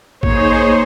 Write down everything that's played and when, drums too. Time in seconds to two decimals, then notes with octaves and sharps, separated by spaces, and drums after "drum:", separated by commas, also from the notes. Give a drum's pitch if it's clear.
0.23 A#3 D#4 G#4 C5 C#5, drum: kick